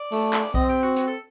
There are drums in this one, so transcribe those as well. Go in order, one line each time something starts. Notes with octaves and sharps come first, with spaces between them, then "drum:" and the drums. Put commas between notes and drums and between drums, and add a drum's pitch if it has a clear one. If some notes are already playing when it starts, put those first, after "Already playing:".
Already playing: D5
A3, drum: open hi-hat
drum: clap
C4 D#5, drum: kick B1
G4
F#4
F#4, drum: hi-hat
A4